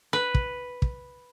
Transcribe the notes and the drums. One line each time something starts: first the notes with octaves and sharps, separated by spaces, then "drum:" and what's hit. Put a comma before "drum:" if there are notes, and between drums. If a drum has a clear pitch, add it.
B4
drum: kick
drum: kick